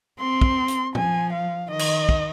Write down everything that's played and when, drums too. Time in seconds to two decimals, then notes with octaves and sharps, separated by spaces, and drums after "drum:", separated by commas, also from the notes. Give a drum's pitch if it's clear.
0.20 C4 C6
0.41 drum: kick
0.68 drum: hi-hat
0.95 F3 G#5, drum: tom
1.33 F5
1.70 D#3 D#5
1.79 drum: cymbal
2.09 drum: kick